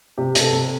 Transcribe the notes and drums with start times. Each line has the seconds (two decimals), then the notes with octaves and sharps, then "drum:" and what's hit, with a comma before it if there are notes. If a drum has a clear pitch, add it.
0.18 C3 G4
0.35 C3, drum: hi-hat
0.41 A4
0.52 C3